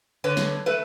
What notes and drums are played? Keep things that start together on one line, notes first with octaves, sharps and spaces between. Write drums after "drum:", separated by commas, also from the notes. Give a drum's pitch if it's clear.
D3 B4 C#5
drum: snare
A3 B4